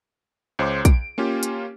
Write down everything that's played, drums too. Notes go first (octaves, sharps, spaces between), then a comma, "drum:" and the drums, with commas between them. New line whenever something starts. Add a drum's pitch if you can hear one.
C#2 C5 C#5 C6 D6
D7, drum: kick, hi-hat
A#3 C#4 F4 G4
drum: hi-hat